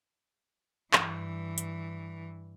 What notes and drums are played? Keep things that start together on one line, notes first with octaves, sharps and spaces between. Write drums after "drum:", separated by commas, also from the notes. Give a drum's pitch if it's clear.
G2 E3, drum: clap
drum: hi-hat